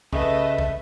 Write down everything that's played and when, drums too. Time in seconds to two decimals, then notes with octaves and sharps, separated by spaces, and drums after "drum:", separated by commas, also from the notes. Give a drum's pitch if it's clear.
0.13 C#3 A3 B4 D#5 E5, drum: kick C2
0.59 drum: kick C2